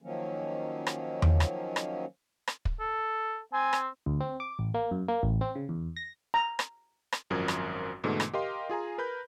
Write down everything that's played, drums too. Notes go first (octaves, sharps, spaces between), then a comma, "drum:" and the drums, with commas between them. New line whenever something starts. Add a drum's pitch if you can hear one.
D#3 F3 F#3 A#3 C#4
drum: rim click
drum: tom E2
drum: rim click
drum: rim click
drum: rim click
drum: kick
A4
C4 G#5
drum: rim click
D2
C4
D6
A1
A#3
F#2
A#3
A1
C4
C#3
E2
A#6
A#5
drum: rim click
drum: rim click
G#1 F#2 F3 A#4 D#6 G#6
drum: rim click
G#2 B2 D3 E3 A3
drum: rim click
G4 A#4 D#5 F5 C6
F4 G#4 G#5 A#5
A#4 B4 B5 G6